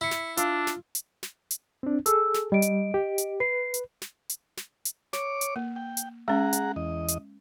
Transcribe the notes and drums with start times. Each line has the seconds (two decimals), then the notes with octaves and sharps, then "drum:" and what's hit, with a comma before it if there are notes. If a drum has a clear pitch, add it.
0.01 E4 B6 C#7
0.11 drum: snare
0.37 D4 F4 E6, drum: hi-hat
0.67 drum: snare
0.95 drum: hi-hat
1.23 drum: snare
1.51 drum: hi-hat
1.83 C4 D4
2.06 G#4 A4 E6, drum: hi-hat
2.34 drum: snare
2.52 G3 D#5 D7
2.62 drum: hi-hat
2.94 G4
3.18 drum: hi-hat
3.40 B4 C7
3.74 drum: hi-hat
4.02 drum: snare
4.29 drum: hi-hat
4.57 drum: snare
4.85 drum: hi-hat
5.13 C#5 D6, drum: snare
5.41 drum: hi-hat
5.56 A#3
5.76 G5
5.97 drum: hi-hat
6.28 G#3 C#4 G#4 F#5 A#5
6.53 drum: hi-hat
6.76 E2 D#5
7.08 drum: hi-hat